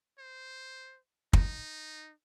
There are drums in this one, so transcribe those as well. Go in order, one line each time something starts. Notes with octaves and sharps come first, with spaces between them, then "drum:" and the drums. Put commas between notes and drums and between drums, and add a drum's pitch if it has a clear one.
C5
D#4, drum: kick